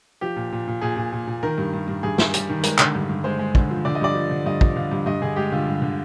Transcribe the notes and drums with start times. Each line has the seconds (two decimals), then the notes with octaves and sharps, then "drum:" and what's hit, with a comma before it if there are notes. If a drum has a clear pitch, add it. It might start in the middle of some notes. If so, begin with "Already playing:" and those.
0.21 F3 G4
0.36 A#2
0.52 A#2
0.68 A#2
0.82 A#2 G#4
0.97 A#2
1.13 A#2
1.27 A#2
1.43 D#3 A#4
1.58 G2
1.73 G2
1.88 G2
2.03 G2 G#4
2.18 G2, drum: snare
2.34 G3, drum: hi-hat
2.49 D#3
2.63 G#3 A#4, drum: hi-hat
2.79 D3, drum: clap
2.95 G2
3.09 G2
3.24 G#3 C5
3.39 G#3
3.55 D3, drum: kick
3.71 F3
3.85 D3 D5
3.95 D#5
4.01 G2 D5
4.15 F3
4.31 D3
4.46 G2 D#5
4.61 F3, drum: kick
4.76 D3 F5
4.91 G2
5.06 G2 D#5
5.22 D3 G#4
5.36 G#3 G4
5.52 D3 F4
5.67 G2
5.82 D3